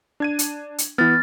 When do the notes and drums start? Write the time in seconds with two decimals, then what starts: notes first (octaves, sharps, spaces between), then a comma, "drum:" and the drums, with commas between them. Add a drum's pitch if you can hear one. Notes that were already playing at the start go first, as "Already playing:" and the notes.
0.20 D4 G#6 D#7
0.39 drum: hi-hat
0.78 drum: hi-hat
0.98 E3 B3 F6 A6